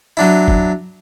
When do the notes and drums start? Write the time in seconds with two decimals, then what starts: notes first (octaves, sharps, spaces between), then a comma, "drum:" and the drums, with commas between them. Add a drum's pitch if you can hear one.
0.17 F#3 D4 E4
0.48 drum: kick